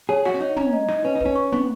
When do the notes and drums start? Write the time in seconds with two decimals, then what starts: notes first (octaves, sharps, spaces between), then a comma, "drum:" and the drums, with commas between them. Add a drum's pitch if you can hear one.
0.09 G#4 C#5
0.25 F#4 F#5, drum: snare
0.34 C#4
0.41 D#4 C#5
0.56 C#4 A#5, drum: tom
0.73 D#5
0.88 D#4 D#5, drum: snare
1.04 C#4 B4
1.15 D#4
1.21 C#4 B4, drum: kick
1.35 C#6
1.52 B3 C#6, drum: tom